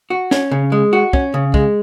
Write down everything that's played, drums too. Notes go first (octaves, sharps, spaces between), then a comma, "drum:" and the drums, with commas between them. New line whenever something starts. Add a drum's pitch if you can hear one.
F#4
C#4, drum: snare
C#3
G#3
F#4
C#4, drum: kick
C#3
G#3, drum: kick